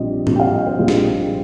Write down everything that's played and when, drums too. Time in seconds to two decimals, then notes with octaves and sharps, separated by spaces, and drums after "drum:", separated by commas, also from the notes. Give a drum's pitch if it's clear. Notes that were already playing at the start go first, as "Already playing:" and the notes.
Already playing: A#1 A#2 G3 C4 D#5
0.27 A#1 A#2 G3 C4, drum: tom G#2
0.36 G5
0.40 F5
0.53 D#5
0.67 C5
0.79 A#1 A#2 G3 C4 G#4
0.88 drum: snare